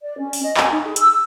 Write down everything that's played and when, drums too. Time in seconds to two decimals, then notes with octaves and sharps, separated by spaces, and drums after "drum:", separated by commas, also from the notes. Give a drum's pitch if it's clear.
0.03 D5
0.19 C#4
0.33 drum: open hi-hat
0.43 D#5
0.57 G#5, drum: clap
0.71 D#4
0.85 G#4
0.96 E6, drum: hi-hat